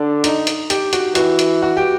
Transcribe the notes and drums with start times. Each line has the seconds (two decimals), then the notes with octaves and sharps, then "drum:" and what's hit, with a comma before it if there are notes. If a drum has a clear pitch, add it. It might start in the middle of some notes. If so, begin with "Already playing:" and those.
Already playing: D3 D4
0.24 D#4, drum: hi-hat
0.47 drum: hi-hat
0.70 G4, drum: hi-hat
0.93 F#4, drum: hi-hat
1.15 E3 F#4, drum: hi-hat
1.39 drum: hi-hat
1.62 F#4
1.77 G4